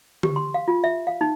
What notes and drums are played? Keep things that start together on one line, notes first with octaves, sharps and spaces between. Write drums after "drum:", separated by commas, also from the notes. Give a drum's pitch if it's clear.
G4, drum: tom D3
C6
F5
F4
E5
F5
D#4